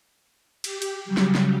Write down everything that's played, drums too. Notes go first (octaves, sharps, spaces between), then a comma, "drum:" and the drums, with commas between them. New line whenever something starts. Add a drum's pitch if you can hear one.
G4, drum: cymbal
drum: cymbal
C#3 F#3 G3
drum: snare
drum: snare